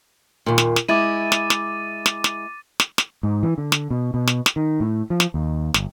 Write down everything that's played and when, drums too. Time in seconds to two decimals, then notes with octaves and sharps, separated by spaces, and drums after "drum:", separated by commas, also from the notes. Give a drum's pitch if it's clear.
0.46 D#2 A#2
0.58 drum: snare
0.76 drum: snare
0.88 G#3 E4 D6 A6 D#7
1.32 drum: snare
1.50 drum: snare
2.06 drum: snare
2.24 drum: snare
2.80 drum: snare
2.98 drum: snare
3.23 G#2
3.43 E3
3.58 D3
3.72 drum: snare
3.90 B2
4.14 B2
4.27 drum: snare
4.46 drum: snare
4.56 D#3
4.80 A2
5.10 F3
5.20 drum: snare
5.34 D#2
5.74 G1, drum: snare